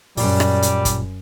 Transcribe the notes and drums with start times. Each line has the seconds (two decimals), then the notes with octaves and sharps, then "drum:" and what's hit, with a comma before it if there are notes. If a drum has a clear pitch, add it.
0.17 F#2 A#2 G3 D5, drum: open hi-hat
0.40 drum: rim click
0.62 drum: hi-hat
0.85 drum: kick, hi-hat